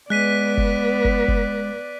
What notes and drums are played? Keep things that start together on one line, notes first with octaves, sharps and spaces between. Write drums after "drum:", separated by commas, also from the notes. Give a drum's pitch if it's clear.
G#3 B3 B4 D5 F#6 B6 D#7
drum: kick F#1
drum: kick F#1
drum: kick F#1